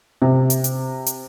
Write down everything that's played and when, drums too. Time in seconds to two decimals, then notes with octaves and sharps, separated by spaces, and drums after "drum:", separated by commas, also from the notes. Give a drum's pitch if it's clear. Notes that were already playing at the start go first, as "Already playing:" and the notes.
0.22 C3
0.50 drum: hi-hat
0.64 drum: hi-hat
1.06 drum: hi-hat